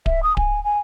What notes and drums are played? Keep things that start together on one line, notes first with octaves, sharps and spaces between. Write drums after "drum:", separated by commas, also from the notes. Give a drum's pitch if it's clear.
E5, drum: kick D1
D#6
G#5, drum: kick D1
G#5